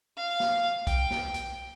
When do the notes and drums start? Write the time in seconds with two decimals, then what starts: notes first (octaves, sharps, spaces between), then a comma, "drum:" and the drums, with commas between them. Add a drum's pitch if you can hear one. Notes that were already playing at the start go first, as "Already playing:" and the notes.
0.17 F5
0.40 drum: snare
0.87 G5, drum: kick B1, hi-hat
1.11 drum: snare
1.34 drum: hi-hat